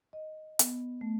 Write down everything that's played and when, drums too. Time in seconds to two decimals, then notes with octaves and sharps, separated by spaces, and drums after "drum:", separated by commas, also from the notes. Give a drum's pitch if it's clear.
0.13 D#5
0.59 B3, drum: hi-hat
1.01 A3